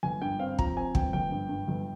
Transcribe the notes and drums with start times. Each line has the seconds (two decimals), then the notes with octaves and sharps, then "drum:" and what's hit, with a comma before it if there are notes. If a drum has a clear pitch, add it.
0.03 G1 G#5
0.22 G2 G5
0.39 C4 F5
0.59 F3 A#5, drum: kick
0.77 C4 G#5
0.95 G1 G5, drum: kick
1.13 G1 G5
1.32 G2
1.49 G2
1.68 G1